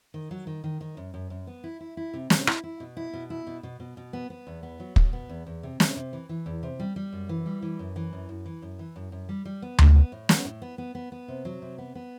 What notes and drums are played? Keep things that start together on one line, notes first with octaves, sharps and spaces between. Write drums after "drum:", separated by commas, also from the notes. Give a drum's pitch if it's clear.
D#3
F#3
D#3
D#3
D#3
F#2
F#2
F#2
B3
E4
E4
E4
C3
C3, drum: snare
E4, drum: rim click
E4
B2
E4
B2
E4
B2
B2
B2
B2
B3
B3
E2
B3
F#3
B2, drum: kick
B3
E2
E2
C3
C3, drum: snare
C3
E3
E3
E2
C3
G3
G3
F#2
E3
G3
E3
F#2
E3
F#2
F#2
E3
F#2
E3
F#2
F#2
G3
G3
B3
G3, drum: tom D2
B3
A2
B3, drum: snare
A2
B3
B3
B3
B3
C3
F#3
C3
B3
B3